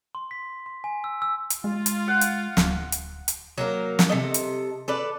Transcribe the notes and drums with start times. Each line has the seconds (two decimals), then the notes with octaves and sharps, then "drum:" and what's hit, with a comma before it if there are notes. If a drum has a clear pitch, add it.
0.15 C6
0.31 B6
0.66 C6
0.84 G#5
1.04 E6
1.22 E6
1.50 drum: hi-hat
1.64 G#3 F4
1.86 drum: hi-hat
2.07 F5 F#5
2.21 drum: hi-hat
2.57 D1, drum: snare
2.92 drum: hi-hat
3.28 drum: hi-hat
3.58 F#3 A#3 A#4
3.99 drum: snare
4.09 C3 A4 D#5
4.34 drum: hi-hat
4.88 A4 B4 D5